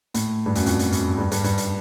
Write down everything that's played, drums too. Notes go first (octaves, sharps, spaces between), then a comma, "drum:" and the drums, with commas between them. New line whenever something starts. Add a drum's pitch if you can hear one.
A2, drum: hi-hat
G2
F#2, drum: hi-hat
F2, drum: hi-hat
drum: hi-hat
F#2, drum: hi-hat
G2
G2, drum: hi-hat
G2, drum: hi-hat
drum: hi-hat